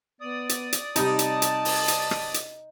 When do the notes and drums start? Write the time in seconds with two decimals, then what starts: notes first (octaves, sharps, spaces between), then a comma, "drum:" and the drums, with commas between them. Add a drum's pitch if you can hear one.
0.21 B3 D5 D#6
0.49 drum: hi-hat
0.72 drum: hi-hat
0.96 C3 G3 D#4 A5, drum: hi-hat
1.19 drum: hi-hat
1.42 drum: hi-hat
1.65 drum: open hi-hat
1.88 drum: hi-hat
2.11 drum: rim click
2.34 drum: hi-hat